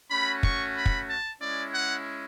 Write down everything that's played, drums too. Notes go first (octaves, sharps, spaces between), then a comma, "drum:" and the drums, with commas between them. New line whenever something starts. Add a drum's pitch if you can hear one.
A3 C#4 F#4 B5
C#6, drum: kick
B5
drum: kick
A5
G#3 C#4 E4 D5
F#5